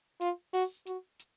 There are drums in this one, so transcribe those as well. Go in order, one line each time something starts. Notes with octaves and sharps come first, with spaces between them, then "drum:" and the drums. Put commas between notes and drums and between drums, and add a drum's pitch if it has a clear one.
F4, drum: hi-hat
F#4, drum: open hi-hat
F#4, drum: hi-hat
drum: hi-hat